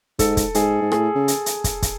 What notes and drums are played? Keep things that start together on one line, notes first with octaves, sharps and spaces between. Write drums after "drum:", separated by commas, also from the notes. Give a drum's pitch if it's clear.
G#2 A4, drum: kick, hi-hat
drum: kick, hi-hat
G#2 G#4, drum: hi-hat
G#2
A2 G#4, drum: rim click
C#3
drum: hi-hat
drum: hi-hat
drum: kick, hi-hat
drum: kick, hi-hat